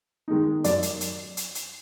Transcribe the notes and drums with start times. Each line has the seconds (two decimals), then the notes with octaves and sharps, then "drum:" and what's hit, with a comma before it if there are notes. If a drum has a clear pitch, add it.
0.28 D#3 G#3 D#4
0.64 F#2 D5, drum: hi-hat
0.83 drum: hi-hat
1.01 drum: hi-hat
1.37 drum: hi-hat
1.55 drum: hi-hat